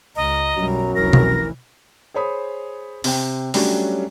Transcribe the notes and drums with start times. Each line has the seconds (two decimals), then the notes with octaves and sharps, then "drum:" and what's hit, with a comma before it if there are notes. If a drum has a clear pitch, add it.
0.16 C#2 D#5 A#5
0.58 B1 F#2 F#3 G3
0.95 F1 C2 E3 A#4 A#6
1.13 drum: tom B2
2.14 G#4 C5 C#5 B5 D#6
3.04 C3 C5 G5, drum: open hi-hat
3.54 F#3 G3 A3 C#4 D4 F#4, drum: open hi-hat